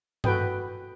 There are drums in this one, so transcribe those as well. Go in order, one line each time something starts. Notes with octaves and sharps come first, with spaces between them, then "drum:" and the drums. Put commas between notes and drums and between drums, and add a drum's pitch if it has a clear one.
F#4 A4 B4 G5 D#6, drum: tom G2